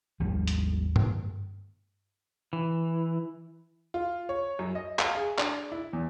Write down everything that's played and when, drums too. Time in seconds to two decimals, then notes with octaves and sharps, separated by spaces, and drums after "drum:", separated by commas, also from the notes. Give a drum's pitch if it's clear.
0.20 G#1 D#2 F3 G3
0.48 drum: hi-hat
0.96 drum: tom G2
2.53 E3
3.94 F4
4.29 C#5
4.59 F#2
4.75 D#5
4.99 F5, drum: clap
5.15 G#4
5.38 D4, drum: clap
5.72 E4
5.93 E2